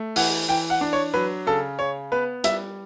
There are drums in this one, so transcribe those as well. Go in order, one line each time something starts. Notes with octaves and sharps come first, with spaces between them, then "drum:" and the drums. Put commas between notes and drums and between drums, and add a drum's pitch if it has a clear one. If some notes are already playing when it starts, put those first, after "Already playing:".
Already playing: A3
E3 F#5, drum: open hi-hat
E3 G5
F#5
D4
C#5
F#3 B4
C#3 A4
C#3 C#5
B3 B4
G3 E5, drum: hi-hat